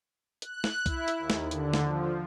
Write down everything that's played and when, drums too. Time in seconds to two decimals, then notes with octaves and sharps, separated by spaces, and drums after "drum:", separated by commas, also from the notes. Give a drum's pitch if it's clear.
0.42 F#6, drum: hi-hat
0.64 drum: snare
0.86 E4, drum: kick C2, hi-hat
1.08 drum: hi-hat
1.18 D#2
1.30 drum: snare
1.51 D3, drum: hi-hat
1.73 drum: snare
1.84 F3